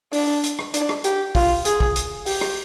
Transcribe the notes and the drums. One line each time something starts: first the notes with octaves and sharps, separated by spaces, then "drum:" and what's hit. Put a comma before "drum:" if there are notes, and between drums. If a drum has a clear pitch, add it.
D4, drum: open hi-hat
drum: hi-hat
drum: rim click
D4, drum: hi-hat
drum: rim click
G4, drum: hi-hat
F4, drum: kick, open hi-hat
G#4, drum: hi-hat
drum: kick
drum: hi-hat
G4, drum: open hi-hat
drum: rim click